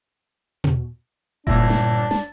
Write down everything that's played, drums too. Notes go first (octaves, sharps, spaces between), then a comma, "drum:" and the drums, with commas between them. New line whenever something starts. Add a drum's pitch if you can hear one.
drum: tom B2
G1 A#2 D4 E4 A#6, drum: kick F1
drum: snare
A5, drum: snare